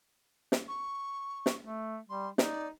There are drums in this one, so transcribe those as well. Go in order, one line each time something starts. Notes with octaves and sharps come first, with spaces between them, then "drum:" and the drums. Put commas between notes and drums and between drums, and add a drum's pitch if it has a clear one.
drum: snare
C#6
drum: snare
A3
G3 C6
D#4 D5, drum: snare